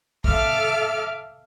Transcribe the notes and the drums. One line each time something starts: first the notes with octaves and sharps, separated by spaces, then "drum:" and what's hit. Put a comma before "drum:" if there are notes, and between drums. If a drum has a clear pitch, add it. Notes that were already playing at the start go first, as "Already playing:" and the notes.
A4 E5 F5 D6 F6, drum: kick